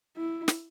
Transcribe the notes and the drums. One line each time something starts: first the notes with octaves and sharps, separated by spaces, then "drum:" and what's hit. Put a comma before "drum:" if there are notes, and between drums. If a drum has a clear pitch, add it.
E4
drum: snare